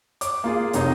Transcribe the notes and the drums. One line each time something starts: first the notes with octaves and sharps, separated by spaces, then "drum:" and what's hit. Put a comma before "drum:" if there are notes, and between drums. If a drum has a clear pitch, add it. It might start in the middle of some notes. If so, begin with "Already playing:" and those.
D6, drum: hi-hat
A#3 F4 G#4
F1 C3 D#4 C#5 D#5 A#5, drum: hi-hat